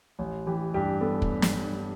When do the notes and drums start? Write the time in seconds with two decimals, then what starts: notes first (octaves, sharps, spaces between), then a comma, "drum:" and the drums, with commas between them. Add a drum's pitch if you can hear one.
0.19 A1
0.47 E3 G4
0.74 G2 G4
1.01 B3 A4
1.22 drum: kick
1.42 drum: snare